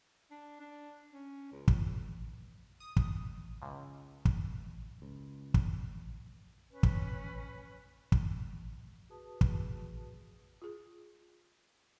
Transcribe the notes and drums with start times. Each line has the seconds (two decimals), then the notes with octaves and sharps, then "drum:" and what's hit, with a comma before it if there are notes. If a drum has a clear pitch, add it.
0.31 D4
0.60 D4
1.12 C#4
1.52 C#2
1.68 drum: kick
2.80 D#6
2.96 drum: kick
3.62 C#2
4.25 drum: kick
5.02 C#2
5.54 drum: kick
6.70 C#4 B4
6.83 drum: kick
8.12 drum: kick
9.09 F#4 G#4 B4 A5 D#6
9.41 drum: kick
10.62 F4 G#4